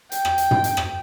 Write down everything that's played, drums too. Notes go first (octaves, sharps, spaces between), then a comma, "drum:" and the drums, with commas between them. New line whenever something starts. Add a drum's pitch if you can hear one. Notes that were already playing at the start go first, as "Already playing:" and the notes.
G5, drum: hi-hat
drum: rim click
drum: hi-hat
drum: tom
drum: hi-hat
drum: rim click